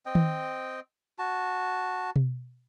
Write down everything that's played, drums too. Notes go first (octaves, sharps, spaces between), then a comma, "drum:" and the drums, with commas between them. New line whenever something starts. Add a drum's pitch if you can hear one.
C4 D#5 G5
drum: tom D#3
F#4 A5
drum: tom B2